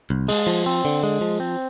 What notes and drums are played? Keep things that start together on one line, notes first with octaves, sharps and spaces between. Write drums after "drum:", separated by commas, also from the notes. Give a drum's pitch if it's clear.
C2
G#3, drum: open hi-hat
F3
C4
D3
G#3
F3
C4